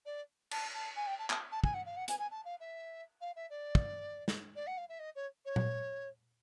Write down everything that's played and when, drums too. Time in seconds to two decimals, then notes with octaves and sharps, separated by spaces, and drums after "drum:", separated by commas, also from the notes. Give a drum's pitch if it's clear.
0.05 D5
0.51 A5, drum: cymbal
0.74 A5
0.96 G#5
1.06 G5
1.19 A5
1.30 A5, drum: clap
1.51 A5
1.64 G#5, drum: kick
1.74 F#5
1.85 F5
1.96 F#5
2.08 G#5, drum: hi-hat
2.19 G#5
2.31 A5
2.45 F5
2.60 E5
3.21 F5
3.36 E5
3.50 D5
3.75 drum: kick
4.28 drum: snare
4.55 D5
4.67 F#5
4.77 F5
4.89 E5
4.99 D#5
5.15 C#5
5.45 C#5
5.56 drum: tom A#2